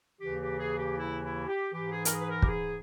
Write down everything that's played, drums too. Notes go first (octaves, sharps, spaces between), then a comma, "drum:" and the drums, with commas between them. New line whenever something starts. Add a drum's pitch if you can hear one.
D#2 C#3 E3 G4
G4
G#4
G4
E4
E4
G4
G#2 E3 G4
G#4
A#4, drum: hi-hat
G#4
B4
A#4
G4, drum: kick
G#4